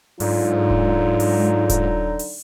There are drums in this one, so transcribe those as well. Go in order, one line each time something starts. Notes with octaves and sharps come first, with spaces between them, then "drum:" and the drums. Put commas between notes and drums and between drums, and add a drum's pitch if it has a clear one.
G#2 D3 F#3 D#4 F4, drum: open hi-hat
drum: kick D#1
drum: open hi-hat
drum: kick D#1, hi-hat
drum: open hi-hat